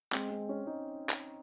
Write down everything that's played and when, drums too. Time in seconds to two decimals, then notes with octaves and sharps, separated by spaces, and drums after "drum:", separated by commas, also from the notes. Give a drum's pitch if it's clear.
0.13 G#3 C4, drum: clap
0.31 C4
0.49 C#4
0.67 D#4
1.09 drum: clap